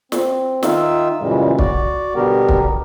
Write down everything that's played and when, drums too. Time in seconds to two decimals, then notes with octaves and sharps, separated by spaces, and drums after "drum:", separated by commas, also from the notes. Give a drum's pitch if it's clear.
0.12 C4, drum: snare
0.63 D#3 D#4 F4 E5 E6, drum: snare
1.21 F#2 A#2 C#3 E3 G3 G#3
1.59 F#4 D5, drum: kick
2.15 B2 D3 G3 B3 G4 A#4
2.49 drum: kick